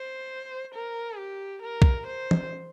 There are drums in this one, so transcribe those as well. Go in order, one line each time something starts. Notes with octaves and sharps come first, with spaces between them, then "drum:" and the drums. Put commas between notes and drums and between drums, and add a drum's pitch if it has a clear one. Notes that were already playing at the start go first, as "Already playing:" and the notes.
Already playing: C5
A#4
G4
A#4
drum: kick
C5
drum: tom E3